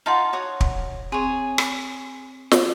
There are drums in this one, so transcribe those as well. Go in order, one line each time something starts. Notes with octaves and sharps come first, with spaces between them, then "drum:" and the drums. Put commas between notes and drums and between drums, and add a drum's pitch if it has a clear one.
D#4 F4 F#5 A5 C6 F6
F#4 C#5 D#6
drum: kick
C4 G#4 C#5
drum: rim click
drum: snare